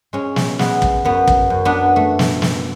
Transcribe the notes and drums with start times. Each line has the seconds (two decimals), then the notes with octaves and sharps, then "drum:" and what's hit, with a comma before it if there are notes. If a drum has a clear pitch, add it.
0.13 G#3 C#4
0.36 drum: snare
0.59 G#3 B3, drum: snare
0.82 drum: kick
1.05 F#2 B3
1.28 drum: kick
1.50 F#2
1.65 B3 D4
1.96 A3
2.19 drum: snare
2.42 drum: snare